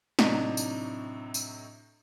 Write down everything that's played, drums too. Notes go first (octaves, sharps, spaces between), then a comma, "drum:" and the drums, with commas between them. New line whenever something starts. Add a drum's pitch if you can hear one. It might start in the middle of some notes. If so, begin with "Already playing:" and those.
A2 C3 F#3 D4 D#4, drum: snare
drum: tambourine
drum: tambourine